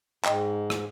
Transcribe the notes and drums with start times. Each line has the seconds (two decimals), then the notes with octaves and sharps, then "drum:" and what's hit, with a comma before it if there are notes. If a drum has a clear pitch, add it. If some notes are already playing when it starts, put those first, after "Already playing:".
0.25 G#2 D#5 G5, drum: clap
0.70 drum: rim click